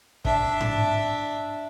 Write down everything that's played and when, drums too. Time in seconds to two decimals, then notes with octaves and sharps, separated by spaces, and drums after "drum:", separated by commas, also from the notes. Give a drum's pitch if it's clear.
0.25 D4 E5, drum: kick
0.61 drum: tom G#2